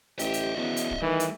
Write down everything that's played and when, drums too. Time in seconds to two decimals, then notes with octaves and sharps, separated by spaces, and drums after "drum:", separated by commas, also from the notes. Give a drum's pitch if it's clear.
0.19 A1 G4 D#5 E5, drum: hi-hat
0.34 drum: hi-hat
0.56 E2 B3 C#4 F#4
0.77 drum: hi-hat
0.91 drum: kick C#1
1.02 D#3 E3 G3 A3 B4
1.20 drum: hi-hat